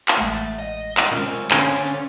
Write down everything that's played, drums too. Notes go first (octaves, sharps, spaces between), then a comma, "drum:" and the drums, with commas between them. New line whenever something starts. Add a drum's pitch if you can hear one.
drum: clap
A1 G#3 A3 F#5
D#5
drum: clap
B1 G#3 C4 C#4 F4 A#4
D3 C#4 G#4 F5 G#5 C6, drum: clap